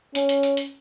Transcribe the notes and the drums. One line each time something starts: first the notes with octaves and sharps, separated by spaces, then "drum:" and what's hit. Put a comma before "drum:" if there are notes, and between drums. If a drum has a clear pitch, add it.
C#4, drum: hi-hat
drum: hi-hat
drum: hi-hat
drum: hi-hat